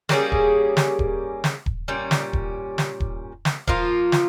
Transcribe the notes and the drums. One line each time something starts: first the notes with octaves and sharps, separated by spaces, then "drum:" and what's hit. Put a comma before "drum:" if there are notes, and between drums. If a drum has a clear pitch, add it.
G3 A#3 C#4 G#4, drum: snare
drum: kick D#1
drum: snare
drum: kick D#1
drum: snare
drum: kick D#1
A#2 G3 C#4
drum: snare
drum: kick D#1
drum: snare
drum: kick D#1
drum: snare
F3 A#3 F4, drum: kick D#1
drum: snare